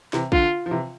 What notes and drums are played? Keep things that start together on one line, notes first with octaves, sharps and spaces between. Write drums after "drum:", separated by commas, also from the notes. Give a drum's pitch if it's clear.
C3 E3, drum: snare
D3 F4, drum: kick
F3
C3 E3